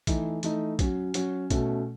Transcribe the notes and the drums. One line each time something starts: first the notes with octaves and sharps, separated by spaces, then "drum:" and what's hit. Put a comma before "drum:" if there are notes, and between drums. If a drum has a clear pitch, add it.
E3 A3 D#4, drum: kick, hi-hat
E3 A3 D#4, drum: hi-hat
F#3 C#4 F#4, drum: kick, hi-hat
F#3 C#4 F#4, drum: hi-hat
B2 A3 C#4 F#4, drum: kick, hi-hat